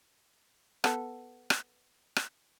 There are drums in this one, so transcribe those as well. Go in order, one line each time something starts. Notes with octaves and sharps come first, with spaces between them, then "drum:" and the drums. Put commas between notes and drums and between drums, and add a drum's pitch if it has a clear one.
B3 A4, drum: rim click
drum: rim click
drum: rim click